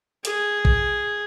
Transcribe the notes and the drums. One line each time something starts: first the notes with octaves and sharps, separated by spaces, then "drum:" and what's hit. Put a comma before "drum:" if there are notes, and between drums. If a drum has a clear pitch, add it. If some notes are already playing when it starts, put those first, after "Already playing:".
G#4, drum: hi-hat
drum: kick